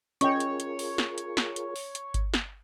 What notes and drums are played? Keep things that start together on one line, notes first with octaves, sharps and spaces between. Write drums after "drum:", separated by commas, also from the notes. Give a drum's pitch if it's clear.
C#4 F4 G#4 A#4 C#5 D#5 G5 C#6, drum: hi-hat
drum: hi-hat
drum: hi-hat
drum: open hi-hat
drum: snare
drum: hi-hat
drum: snare
drum: hi-hat
drum: open hi-hat
drum: hi-hat
drum: kick G1, hi-hat
drum: snare